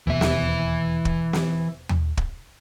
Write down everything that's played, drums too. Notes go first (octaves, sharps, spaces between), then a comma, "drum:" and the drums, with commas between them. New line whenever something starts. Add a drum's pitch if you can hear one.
E1 D#2 B2 E3 E5
drum: snare
drum: kick
drum: snare
drum: tom
drum: kick